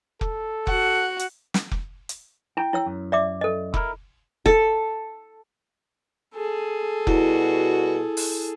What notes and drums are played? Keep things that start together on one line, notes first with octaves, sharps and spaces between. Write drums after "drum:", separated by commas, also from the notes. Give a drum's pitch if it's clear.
A4, drum: kick F1
F#4 F#5, drum: kick F1
drum: hi-hat
drum: snare
drum: kick F1
drum: hi-hat
E4 G5
E4 C#5 E6
F#2
D5 E5 D6
A4 D#5
E4 A#4, drum: kick F1
A4, drum: kick F1
G#4 A4
B2 G3 E4 F#4, drum: kick F1
drum: open hi-hat